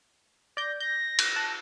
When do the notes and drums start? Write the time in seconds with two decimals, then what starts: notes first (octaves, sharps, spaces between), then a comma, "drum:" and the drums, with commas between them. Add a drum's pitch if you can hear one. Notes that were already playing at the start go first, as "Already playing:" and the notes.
0.57 D5 G6 A#6
0.80 G6 A#6
1.19 drum: cymbal
1.35 A5 F#6